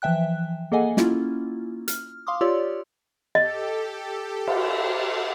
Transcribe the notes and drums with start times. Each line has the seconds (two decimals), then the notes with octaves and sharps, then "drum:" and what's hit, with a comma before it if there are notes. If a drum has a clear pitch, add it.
0.02 E3 F3 E5 G5 F#6
0.72 A#3 G#4 A4 D#5 F#5 G#5
0.97 A#3 C#4 E4 F4, drum: snare
1.88 F6, drum: hi-hat
2.27 F5 C6 D6 D#6
2.41 F4 G4 C#5 D5 C6 E6
3.35 G4 A4 D#5
4.47 drum: cymbal